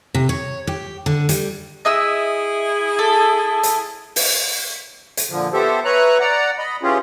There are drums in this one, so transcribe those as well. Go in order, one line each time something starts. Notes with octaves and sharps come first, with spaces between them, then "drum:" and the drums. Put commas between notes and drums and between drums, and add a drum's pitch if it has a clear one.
C3
C#5
G4
D3
G3, drum: hi-hat
E4 G#4 D#5 E5 E6
A4
drum: hi-hat
drum: open hi-hat
drum: hi-hat
A#2 D3 F3
B3 G4 A4 C5 E5
B4 C#5 E5 A#5 F#6
D5 F#5 A#5
D#5 B5
E3 C#4 F4 G4 G#4